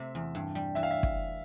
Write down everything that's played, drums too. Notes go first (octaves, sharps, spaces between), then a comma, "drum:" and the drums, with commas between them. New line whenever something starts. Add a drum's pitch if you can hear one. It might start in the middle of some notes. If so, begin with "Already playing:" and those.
Already playing: C3 A3 E5
E2
G2
G3
E3 E5
F5
E5
drum: kick